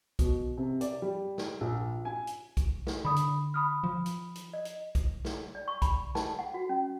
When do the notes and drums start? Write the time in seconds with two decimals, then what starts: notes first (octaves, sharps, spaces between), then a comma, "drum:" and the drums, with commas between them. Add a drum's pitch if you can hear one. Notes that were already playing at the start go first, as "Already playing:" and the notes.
0.19 B2, drum: kick, hi-hat
0.58 C3
0.81 D5, drum: hi-hat
1.02 G3
1.38 drum: snare
1.61 A#1
2.05 G#5
2.27 drum: hi-hat
2.57 drum: kick, hi-hat
2.87 drum: snare
3.05 D3 B5 D#6
3.16 drum: hi-hat
3.54 B5 D#6 F6
3.84 F3
4.06 drum: hi-hat
4.35 drum: hi-hat
4.53 D#5
4.65 drum: hi-hat
4.95 drum: kick, hi-hat
5.25 drum: snare
5.55 D5
5.68 C#6
5.82 B5, drum: kick, hi-hat
6.15 A5, drum: snare
6.39 F#5
6.54 F#4
6.69 C#4